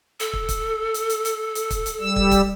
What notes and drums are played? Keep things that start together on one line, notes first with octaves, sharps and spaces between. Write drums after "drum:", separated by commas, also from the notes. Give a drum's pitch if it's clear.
A4, drum: hi-hat
drum: kick
drum: kick, hi-hat
drum: hi-hat
drum: hi-hat
drum: hi-hat
drum: hi-hat
drum: kick, hi-hat
drum: hi-hat
G3 E6
drum: kick
drum: kick, hi-hat